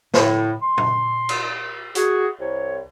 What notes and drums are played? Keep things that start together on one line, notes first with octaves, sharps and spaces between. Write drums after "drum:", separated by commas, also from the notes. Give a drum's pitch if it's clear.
A2, drum: snare
C6
drum: tom A#2
drum: cymbal
F#4 G#4, drum: hi-hat
C2 C#5